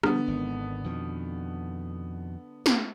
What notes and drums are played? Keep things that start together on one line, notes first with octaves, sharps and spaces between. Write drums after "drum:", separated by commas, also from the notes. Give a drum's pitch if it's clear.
D3 F3 G3 A3 B3, drum: rim click
G#1 D#3
F2 B2 D#3
drum: snare